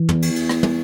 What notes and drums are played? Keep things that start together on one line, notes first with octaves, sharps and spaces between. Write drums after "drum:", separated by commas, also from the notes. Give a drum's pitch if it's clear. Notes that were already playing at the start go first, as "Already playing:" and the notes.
Already playing: E3
E2, drum: tom
drum: cymbal
drum: cymbal
drum: rim click
drum: tom